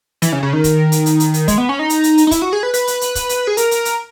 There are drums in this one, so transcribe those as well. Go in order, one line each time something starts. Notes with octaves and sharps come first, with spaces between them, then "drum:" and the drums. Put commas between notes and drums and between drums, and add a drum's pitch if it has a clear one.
E3, drum: hi-hat
C#3
C#3
D#3
drum: kick, hi-hat
drum: hi-hat
drum: hi-hat
drum: hi-hat
drum: hi-hat
G#3, drum: kick, hi-hat
B3
C#4
D#4
drum: hi-hat
drum: hi-hat
drum: hi-hat
D#4
E4, drum: kick, hi-hat
F#4
G#4
B4
B4, drum: hi-hat
drum: hi-hat
drum: hi-hat
drum: kick, hi-hat
drum: hi-hat
G#4
A#4, drum: hi-hat
drum: hi-hat
drum: hi-hat